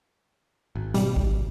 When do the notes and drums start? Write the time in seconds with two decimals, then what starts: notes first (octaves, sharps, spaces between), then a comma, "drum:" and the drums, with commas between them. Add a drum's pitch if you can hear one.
0.75 G#1
0.94 B2 G3, drum: hi-hat
1.16 drum: kick G#1